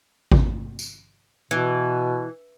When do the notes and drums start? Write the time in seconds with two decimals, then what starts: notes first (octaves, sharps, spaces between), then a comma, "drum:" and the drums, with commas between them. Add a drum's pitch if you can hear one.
0.32 drum: kick G#1
0.79 drum: tambourine
1.51 B2 E3